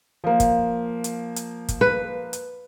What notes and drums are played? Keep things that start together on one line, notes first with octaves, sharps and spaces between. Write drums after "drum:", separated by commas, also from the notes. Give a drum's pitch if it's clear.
F3 A#3
drum: kick, hi-hat
drum: hi-hat
drum: hi-hat
drum: kick, hi-hat
B4
drum: hi-hat